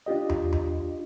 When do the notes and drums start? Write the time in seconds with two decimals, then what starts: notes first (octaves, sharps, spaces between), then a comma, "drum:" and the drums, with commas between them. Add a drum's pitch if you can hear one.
0.06 D4 F4 G4 D#5
0.29 drum: tom E2
0.53 drum: tom E2